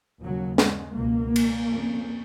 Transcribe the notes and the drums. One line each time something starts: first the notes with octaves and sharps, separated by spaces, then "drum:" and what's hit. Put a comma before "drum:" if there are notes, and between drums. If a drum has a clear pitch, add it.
D#2 C#3 F#3
G#3, drum: snare
C#2 B2 A#3
drum: cymbal
F2 C#3